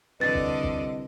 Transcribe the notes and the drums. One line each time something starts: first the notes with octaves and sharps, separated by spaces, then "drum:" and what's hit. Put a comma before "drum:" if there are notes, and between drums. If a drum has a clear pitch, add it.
C2 D3 D4 B4 D#5 A6
drum: kick
drum: kick